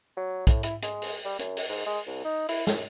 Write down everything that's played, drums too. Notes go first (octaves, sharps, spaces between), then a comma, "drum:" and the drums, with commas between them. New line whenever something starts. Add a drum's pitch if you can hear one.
F#3
A2, drum: kick, hi-hat
E4, drum: hi-hat
G#3, drum: hi-hat
drum: open hi-hat
G3
F#2, drum: hi-hat
drum: open hi-hat
G#2
G#3
C2
D#4
E4, drum: open hi-hat
F#2, drum: snare